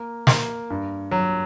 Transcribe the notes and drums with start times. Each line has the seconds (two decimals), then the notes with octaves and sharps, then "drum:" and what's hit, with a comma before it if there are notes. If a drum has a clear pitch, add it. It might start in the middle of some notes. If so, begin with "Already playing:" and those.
Already playing: A#3
0.27 A#3, drum: snare
0.70 G2
1.11 F#3